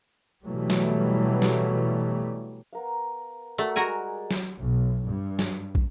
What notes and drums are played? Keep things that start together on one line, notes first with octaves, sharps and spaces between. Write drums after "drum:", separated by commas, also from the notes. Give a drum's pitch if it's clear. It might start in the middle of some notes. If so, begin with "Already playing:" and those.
B2 E3 F#3 G3 A3
drum: snare
drum: snare
B3 A#4 F5
A3 F#4 A#4 D5
G3 G#3 F#4 G4 A#4 G#5
drum: snare
B1
G2
drum: snare
drum: kick